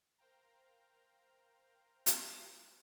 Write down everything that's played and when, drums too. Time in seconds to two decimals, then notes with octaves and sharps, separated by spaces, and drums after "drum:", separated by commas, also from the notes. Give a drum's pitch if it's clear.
0.18 A#4 C5 F5 G5 A#5
2.06 drum: hi-hat